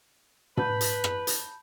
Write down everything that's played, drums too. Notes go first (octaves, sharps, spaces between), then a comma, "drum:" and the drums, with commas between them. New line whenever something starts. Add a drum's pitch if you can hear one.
B4 A5 B5 G6, drum: tom
drum: hi-hat
drum: rim click
drum: hi-hat